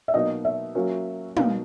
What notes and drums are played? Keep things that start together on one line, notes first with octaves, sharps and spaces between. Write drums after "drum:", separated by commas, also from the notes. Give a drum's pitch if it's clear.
E5
B2 F#3 A#3 D#4 F#4 D#5
E5
F#3 A#3 C#4 F#4 A#4
B2 F#3 A#3 D#4 F5, drum: tom